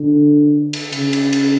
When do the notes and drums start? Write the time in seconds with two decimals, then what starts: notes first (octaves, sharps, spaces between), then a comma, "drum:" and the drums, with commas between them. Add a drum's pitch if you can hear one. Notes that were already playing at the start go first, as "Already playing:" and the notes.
Already playing: D3
0.73 drum: cymbal
0.92 C#3, drum: cymbal
1.13 drum: cymbal
1.33 drum: cymbal